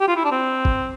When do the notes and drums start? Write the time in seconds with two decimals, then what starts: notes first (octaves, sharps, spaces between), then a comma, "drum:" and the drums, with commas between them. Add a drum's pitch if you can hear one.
0.01 G4
0.08 F4
0.16 E4
0.25 D4
0.32 C4
0.65 drum: kick G#1